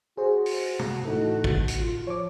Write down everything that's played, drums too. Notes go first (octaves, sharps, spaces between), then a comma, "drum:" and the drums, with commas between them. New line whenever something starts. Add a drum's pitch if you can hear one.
F#4 G#4 C5
drum: open hi-hat
drum: tom
A2 E3 A3 D#4
drum: kick
drum: hi-hat
F4
F3 C#5 D6